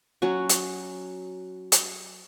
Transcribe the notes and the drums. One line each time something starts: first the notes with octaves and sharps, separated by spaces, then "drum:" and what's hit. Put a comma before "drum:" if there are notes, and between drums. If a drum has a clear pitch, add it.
F#3 C#4 F#4
drum: hi-hat
drum: hi-hat